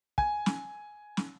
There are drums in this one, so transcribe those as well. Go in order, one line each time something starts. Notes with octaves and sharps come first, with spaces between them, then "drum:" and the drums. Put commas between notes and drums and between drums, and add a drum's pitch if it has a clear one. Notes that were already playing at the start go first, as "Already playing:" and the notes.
G#5, drum: kick
drum: snare
drum: snare